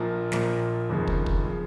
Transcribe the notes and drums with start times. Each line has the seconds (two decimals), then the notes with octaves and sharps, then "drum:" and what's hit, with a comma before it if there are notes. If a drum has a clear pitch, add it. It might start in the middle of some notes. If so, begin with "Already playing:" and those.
Already playing: A#1 A#2 F3
0.32 A#1 A#2 F3, drum: snare
0.89 F1 D#2 C#3 F3
1.07 drum: kick
1.26 drum: kick
1.45 C#3 F3